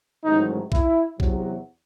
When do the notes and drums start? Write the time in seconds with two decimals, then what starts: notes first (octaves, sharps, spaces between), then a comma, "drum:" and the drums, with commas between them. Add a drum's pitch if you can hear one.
0.24 A1 G#2 D#3 F#3 D#4
0.72 E4, drum: kick
1.20 E2 C3 F#3, drum: kick